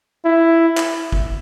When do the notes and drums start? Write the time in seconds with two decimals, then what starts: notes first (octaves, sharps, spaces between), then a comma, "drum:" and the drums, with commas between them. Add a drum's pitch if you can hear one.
0.25 E4
0.77 drum: clap
1.12 drum: kick G1